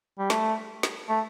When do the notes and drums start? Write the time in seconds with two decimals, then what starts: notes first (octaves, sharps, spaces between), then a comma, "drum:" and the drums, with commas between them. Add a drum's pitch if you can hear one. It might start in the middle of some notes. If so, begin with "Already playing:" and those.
0.19 G3
0.30 A3, drum: snare
0.83 drum: snare
1.09 A3